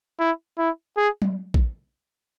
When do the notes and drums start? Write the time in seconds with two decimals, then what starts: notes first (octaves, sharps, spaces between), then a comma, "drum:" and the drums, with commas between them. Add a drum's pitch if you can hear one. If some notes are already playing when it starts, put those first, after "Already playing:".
0.19 E4
0.58 E4
0.97 G#4
1.22 drum: tom F#3
1.54 drum: kick